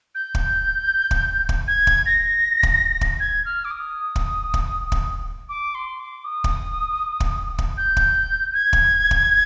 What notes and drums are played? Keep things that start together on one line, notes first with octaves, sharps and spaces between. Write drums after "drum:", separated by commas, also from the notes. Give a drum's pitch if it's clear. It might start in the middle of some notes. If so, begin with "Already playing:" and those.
G6
drum: kick
drum: kick
drum: kick
G#6
drum: kick
A#6
drum: kick
drum: kick
G#6
F6
D6
D#6
drum: kick
drum: kick
drum: kick
D6
C6
D6
D#6
drum: kick
drum: kick
drum: kick
G6
drum: kick
G#6
drum: kick
drum: kick